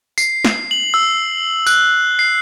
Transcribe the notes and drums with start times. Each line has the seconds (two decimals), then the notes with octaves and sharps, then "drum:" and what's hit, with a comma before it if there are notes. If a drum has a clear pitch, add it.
0.18 C7, drum: tambourine
0.45 drum: snare
0.71 F#7
0.94 E6
1.67 F#6, drum: tambourine
2.19 C7